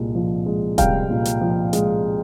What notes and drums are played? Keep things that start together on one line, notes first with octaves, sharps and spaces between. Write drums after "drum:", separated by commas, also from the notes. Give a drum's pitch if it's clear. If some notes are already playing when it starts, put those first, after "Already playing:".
Already playing: C2 A#2 G#3
F3
G#3
C2 F5 G5, drum: kick D#1, hi-hat
A#2
drum: hi-hat
F3
G#3, drum: hi-hat